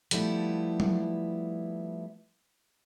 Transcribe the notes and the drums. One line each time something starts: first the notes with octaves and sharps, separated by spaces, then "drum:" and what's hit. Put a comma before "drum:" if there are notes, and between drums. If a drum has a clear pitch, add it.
F3 G3 A3 B3 E4, drum: hi-hat
drum: tom F#3